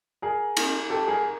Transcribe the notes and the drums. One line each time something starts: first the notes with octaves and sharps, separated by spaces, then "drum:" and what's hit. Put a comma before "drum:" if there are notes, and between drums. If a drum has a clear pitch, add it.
G#4 A#4
drum: cymbal
G4 A4
G#4 A#4